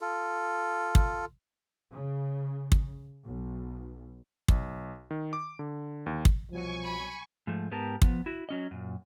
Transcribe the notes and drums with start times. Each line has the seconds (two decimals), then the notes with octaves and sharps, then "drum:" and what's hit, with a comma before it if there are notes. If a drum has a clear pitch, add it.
0.01 F4 A4
0.95 drum: kick
1.92 C#3
2.72 drum: kick
3.25 B1
4.48 B1, drum: kick
5.11 D#3
5.33 D6
5.59 D3
6.06 D#2
6.25 drum: kick
6.52 C2 B2 F3 F#3 G#5 C#6
6.84 B5
7.47 G#2 F3 A3
7.71 G#2 B3 G4 A#4 A5
8.02 F3 B3, drum: kick
8.26 E4 F#4
8.49 F#3 C#4 D#5
8.71 F#2 A#2